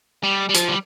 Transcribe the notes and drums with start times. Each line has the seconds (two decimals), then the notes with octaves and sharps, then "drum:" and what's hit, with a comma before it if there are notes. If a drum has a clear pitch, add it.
0.24 G3
0.49 G3
0.54 F3, drum: hi-hat
0.69 G3